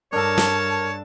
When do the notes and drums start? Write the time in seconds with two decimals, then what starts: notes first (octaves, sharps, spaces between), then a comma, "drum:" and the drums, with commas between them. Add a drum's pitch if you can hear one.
0.13 G2 D4 A4 A#4 C#5 A5
0.38 drum: snare